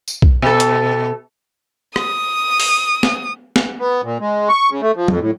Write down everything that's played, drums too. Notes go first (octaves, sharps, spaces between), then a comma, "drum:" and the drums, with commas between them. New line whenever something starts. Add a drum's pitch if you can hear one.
drum: tambourine
drum: kick
B2 A4
drum: hi-hat
D#6, drum: rim click
drum: open hi-hat
drum: snare
drum: snare
B3
A#2
G#3
C#6
C#3
A3
F3
F2, drum: tom
A2